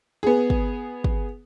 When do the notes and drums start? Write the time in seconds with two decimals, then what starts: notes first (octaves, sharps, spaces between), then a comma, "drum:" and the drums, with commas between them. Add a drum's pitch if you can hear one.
0.23 B3 G#4
0.50 drum: kick
1.04 drum: kick